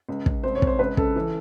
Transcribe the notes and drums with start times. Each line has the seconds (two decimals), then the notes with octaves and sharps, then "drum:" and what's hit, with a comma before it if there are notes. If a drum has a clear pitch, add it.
0.09 C#2
0.26 C#2, drum: kick
0.43 C2 C5
0.55 C#5
0.62 C2, drum: kick
0.67 C5
0.79 C#2 B4
0.97 C#3 A4, drum: kick
1.16 E3